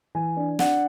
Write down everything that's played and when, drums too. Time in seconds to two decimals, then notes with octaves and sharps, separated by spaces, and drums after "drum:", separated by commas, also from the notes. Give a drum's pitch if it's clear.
0.15 E3 G#5
0.37 D4
0.59 D4 F#5, drum: snare